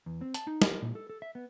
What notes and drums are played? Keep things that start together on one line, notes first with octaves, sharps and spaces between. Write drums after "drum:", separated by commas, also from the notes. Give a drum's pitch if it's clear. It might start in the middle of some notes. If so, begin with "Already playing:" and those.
E2
C4
A5, drum: hi-hat
D#4
A#4, drum: snare
A#2
A4
A4
E5
B3